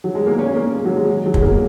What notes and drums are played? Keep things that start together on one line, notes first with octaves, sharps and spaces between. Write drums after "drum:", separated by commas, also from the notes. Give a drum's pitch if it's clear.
F#3
G#3
A#3
C#4
A#3
G#3
F#3
G#3
F#3
G#3, drum: kick
A#3